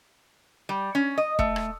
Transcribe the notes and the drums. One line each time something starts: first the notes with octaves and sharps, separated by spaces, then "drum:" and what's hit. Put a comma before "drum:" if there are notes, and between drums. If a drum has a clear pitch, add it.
G3
C#4
D#5
A3, drum: kick
drum: rim click